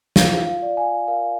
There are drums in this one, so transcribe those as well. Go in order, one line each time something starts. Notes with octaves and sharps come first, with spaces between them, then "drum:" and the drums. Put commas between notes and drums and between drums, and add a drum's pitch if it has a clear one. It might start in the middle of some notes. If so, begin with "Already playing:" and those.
F4 F5, drum: snare
F5
D5
F5 G#5
A#4 F5